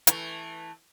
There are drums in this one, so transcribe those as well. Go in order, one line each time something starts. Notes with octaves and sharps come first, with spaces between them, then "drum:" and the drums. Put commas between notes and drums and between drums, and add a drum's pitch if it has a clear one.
E3 A3, drum: hi-hat